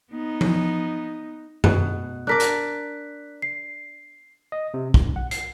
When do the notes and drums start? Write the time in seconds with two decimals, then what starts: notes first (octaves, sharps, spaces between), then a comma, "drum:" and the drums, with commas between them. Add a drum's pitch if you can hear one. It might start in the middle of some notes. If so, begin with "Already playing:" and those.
0.12 B3 D#4
0.41 drum: tom F3
1.64 B2 F#5 F#6, drum: tom F#2
2.27 D4 A#4 D5 F#6 B6
2.40 drum: hi-hat
3.42 C7
4.52 D#5
4.74 C3
4.94 B1, drum: kick
5.16 F#5
5.31 C7, drum: hi-hat